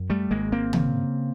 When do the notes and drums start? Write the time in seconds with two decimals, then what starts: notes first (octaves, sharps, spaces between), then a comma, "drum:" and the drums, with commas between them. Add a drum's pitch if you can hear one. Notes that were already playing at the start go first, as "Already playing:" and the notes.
Already playing: F#2
0.10 G3 A3
0.31 G#1 G#3 A#3
0.52 A#3 C4
0.73 C#3, drum: tom